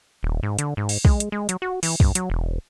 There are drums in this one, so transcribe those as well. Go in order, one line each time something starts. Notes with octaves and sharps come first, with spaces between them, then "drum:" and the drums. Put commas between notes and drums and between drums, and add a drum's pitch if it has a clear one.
D#1
G#2
D3, drum: hi-hat
G#2
drum: open hi-hat
G#3, drum: kick
drum: hi-hat
G#3
F#3, drum: hi-hat
F#4
E3, drum: open hi-hat
G2, drum: kick
F#3, drum: hi-hat
E1